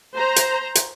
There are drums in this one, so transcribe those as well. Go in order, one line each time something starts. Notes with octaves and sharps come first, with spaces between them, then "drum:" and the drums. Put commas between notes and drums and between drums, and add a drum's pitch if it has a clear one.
C5 A#5
drum: hi-hat
drum: hi-hat